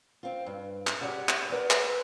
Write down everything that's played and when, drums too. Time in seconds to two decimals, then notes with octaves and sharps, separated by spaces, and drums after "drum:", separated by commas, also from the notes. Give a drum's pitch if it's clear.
0.23 C4 F4
0.46 G2
0.87 drum: clap
1.01 G4 G#4 C#5 D5 F#5
1.29 drum: clap
1.50 A#4 B4 D5 F#5
1.71 drum: clap